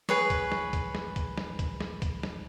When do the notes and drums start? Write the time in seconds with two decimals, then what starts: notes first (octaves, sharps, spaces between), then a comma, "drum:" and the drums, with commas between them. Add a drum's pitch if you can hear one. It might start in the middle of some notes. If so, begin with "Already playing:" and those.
0.09 G#4 B4 C#5, drum: snare
0.30 drum: kick C#2, hi-hat
0.52 drum: snare
0.73 drum: kick C#2, hi-hat
0.95 drum: snare
1.16 drum: kick C#2, hi-hat
1.38 drum: snare
1.59 drum: kick C#2, hi-hat
1.80 drum: snare
2.02 drum: kick C#2, hi-hat
2.23 drum: snare